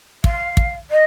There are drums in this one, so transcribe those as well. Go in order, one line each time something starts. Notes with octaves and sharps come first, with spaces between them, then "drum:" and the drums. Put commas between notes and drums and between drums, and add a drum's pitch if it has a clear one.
F5, drum: kick
drum: kick
D#5